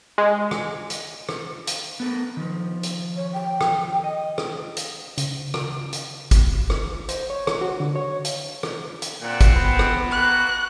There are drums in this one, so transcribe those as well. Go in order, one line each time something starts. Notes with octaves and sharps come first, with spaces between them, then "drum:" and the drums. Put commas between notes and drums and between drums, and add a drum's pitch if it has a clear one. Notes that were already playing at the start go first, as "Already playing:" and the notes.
G#3
drum: rim click
drum: hi-hat
drum: rim click
drum: hi-hat
B3 A4 A#4
D#3 F3
drum: hi-hat
C#5
G5
drum: rim click
D#5
drum: rim click
drum: hi-hat
C#3, drum: hi-hat
drum: rim click
drum: hi-hat
drum: kick, hi-hat
drum: rim click
C5, drum: hi-hat
C#5
drum: rim click
F#4
D3
C#5
drum: hi-hat
drum: rim click
drum: hi-hat
A#2 C4 F#5
drum: kick, hi-hat
B3
drum: rim click
A#3 F#4 F#6